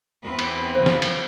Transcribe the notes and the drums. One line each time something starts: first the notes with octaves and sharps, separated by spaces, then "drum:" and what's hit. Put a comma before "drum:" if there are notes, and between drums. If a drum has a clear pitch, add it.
E2 C4 B4
drum: cymbal
F#2 C#3 F3 C5
drum: snare
drum: cymbal